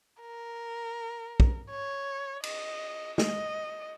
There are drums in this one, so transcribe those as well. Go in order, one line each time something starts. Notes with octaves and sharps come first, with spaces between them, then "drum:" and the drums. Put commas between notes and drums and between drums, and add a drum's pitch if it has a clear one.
A#4
drum: kick
C#5
D#5, drum: cymbal
D#5, drum: snare